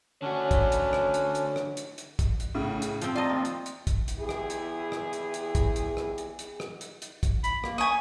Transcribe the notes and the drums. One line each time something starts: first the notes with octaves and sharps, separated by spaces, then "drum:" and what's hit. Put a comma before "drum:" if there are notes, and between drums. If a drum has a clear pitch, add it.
D3 C#4 D4 F#4 C#5
drum: kick, hi-hat
drum: hi-hat
drum: rim click
drum: hi-hat
drum: hi-hat
drum: rim click
drum: hi-hat
drum: hi-hat
drum: kick, hi-hat
drum: hi-hat
A2 C#3
drum: hi-hat
F3 C4, drum: hi-hat
F4 D5 D#5 A5 A#5
D#2
drum: hi-hat
drum: hi-hat
drum: kick, hi-hat
drum: hi-hat
E2 E4 G4 G#4
drum: rim click
drum: hi-hat
drum: rim click
drum: hi-hat
drum: hi-hat
drum: kick, hi-hat
drum: hi-hat
drum: rim click
drum: hi-hat
drum: hi-hat
drum: rim click
drum: hi-hat
drum: hi-hat
drum: kick, hi-hat
B5, drum: hi-hat
A#3, drum: rim click
G#5 C#6 D#6